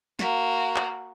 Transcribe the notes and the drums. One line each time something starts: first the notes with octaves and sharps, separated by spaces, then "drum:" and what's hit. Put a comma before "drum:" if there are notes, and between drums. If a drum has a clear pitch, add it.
A#3 F#4, drum: snare
drum: clap